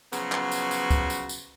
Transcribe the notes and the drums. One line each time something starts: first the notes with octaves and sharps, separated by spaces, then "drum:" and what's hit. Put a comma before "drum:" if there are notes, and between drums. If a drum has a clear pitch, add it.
C#3 F3 F#3 B3 F#4 C6, drum: tambourine
drum: clap
drum: tambourine
drum: tambourine
drum: kick C#2, tambourine
drum: tambourine
drum: tambourine